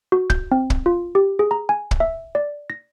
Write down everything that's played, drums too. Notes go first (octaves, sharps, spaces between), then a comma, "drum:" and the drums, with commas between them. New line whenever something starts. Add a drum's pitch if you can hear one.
F#4
G6, drum: kick
C4
drum: kick
F4
G4
G#4
A#5
G#5
drum: kick
E5
D5
A#6